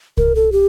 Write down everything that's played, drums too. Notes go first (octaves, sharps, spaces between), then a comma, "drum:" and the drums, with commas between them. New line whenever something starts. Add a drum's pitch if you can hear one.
A#4, drum: kick C2
A4
G4